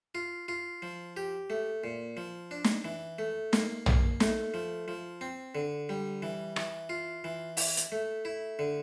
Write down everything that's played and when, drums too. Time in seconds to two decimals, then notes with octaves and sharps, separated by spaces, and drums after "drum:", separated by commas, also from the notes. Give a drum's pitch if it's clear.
0.15 F4
0.48 F4
0.82 F3
1.17 G4
1.50 A3
1.84 A#2
2.17 F3
2.51 D4
2.64 drum: snare
2.85 E3
3.19 A3
3.53 A#3, drum: snare
3.86 A#3, drum: tom
4.20 A3, drum: snare
4.54 F3
4.88 F3
5.21 C4
5.55 D3
5.89 G3
6.22 E3
6.56 E3, drum: rim click
6.89 F4
7.24 E3
7.57 E4, drum: open hi-hat
7.77 drum: hi-hat
7.92 A3
8.25 E4
8.59 D3